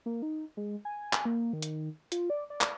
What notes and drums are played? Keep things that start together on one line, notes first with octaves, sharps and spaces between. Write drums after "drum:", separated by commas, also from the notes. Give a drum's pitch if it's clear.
A#3
D#4
G#3
G#5
drum: clap
A#3
D#3
drum: hi-hat
F4, drum: hi-hat
D5
D5
drum: clap